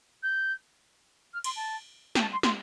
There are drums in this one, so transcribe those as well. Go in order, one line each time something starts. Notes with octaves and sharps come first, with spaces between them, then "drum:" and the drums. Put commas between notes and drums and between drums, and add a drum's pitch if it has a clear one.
G6
F6
C6, drum: cymbal
A5
G5, drum: snare
A5
C6
C6, drum: snare